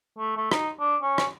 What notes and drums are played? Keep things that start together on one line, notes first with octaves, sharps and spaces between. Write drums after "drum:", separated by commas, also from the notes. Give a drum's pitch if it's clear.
A3
A3
D#4, drum: rim click
D4
C#4
drum: rim click